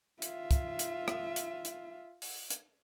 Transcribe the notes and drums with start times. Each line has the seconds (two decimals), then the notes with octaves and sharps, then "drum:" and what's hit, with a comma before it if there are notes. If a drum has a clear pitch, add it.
0.22 F4 E5, drum: hi-hat
0.51 drum: kick, hi-hat
0.79 drum: hi-hat
1.08 drum: rim click
1.36 drum: hi-hat
1.65 drum: hi-hat
2.22 drum: open hi-hat
2.50 drum: hi-hat